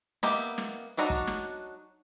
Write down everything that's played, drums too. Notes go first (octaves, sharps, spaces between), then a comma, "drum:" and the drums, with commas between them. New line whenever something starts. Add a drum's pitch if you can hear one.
A#3 B3 G4 D#5 E5, drum: snare
drum: snare
F#3 D4 D#4 F#4
drum: kick
drum: snare